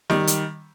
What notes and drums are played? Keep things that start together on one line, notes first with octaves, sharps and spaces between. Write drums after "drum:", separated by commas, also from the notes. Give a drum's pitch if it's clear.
D#3 G3, drum: snare
drum: hi-hat